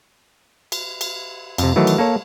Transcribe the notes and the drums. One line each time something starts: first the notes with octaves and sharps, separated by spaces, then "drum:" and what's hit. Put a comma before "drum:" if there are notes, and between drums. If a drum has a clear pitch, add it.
drum: cymbal
drum: cymbal
F2 C3, drum: cymbal
D#3 E3 F#3 A3
drum: cymbal
A#3 A4 C#5